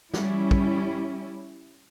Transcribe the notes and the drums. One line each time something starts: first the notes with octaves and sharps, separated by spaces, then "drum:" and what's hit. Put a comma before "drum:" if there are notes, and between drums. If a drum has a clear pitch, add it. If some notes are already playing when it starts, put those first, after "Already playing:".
G3 C#4 E4, drum: snare
drum: kick